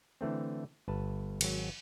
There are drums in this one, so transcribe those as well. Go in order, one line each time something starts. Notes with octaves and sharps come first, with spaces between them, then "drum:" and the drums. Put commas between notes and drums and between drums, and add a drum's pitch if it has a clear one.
D3 E3 A3 C4
G1 B4 A5
G#1 F#3, drum: cymbal